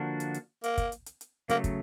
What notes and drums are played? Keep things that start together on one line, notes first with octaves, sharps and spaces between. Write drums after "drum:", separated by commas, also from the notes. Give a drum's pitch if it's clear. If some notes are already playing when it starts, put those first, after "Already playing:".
Already playing: D3 F3 A#3 D4 F#4
drum: hi-hat
drum: hi-hat
A#3, drum: hi-hat
drum: kick, hi-hat
drum: hi-hat
drum: hi-hat
drum: hi-hat
C#3 F#3 A3 A#3, drum: hi-hat
drum: kick, hi-hat